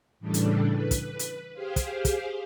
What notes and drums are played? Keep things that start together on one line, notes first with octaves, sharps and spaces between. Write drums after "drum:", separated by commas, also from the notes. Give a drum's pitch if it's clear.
A2 C#3 E3 G3 D4 A4
drum: hi-hat
B4
drum: kick, hi-hat
drum: hi-hat
G4 G#4 C5 F5
drum: kick, hi-hat
drum: kick, hi-hat